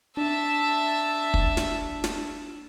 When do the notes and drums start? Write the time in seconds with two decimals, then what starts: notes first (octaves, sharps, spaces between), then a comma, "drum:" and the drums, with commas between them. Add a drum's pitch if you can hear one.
0.17 D4 E5 A5
1.34 drum: kick
1.57 drum: snare
2.04 drum: snare